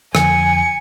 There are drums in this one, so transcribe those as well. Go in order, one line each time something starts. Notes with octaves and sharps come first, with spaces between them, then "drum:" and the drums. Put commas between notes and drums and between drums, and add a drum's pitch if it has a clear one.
F2 D3 F3 G#5 C#7, drum: rim click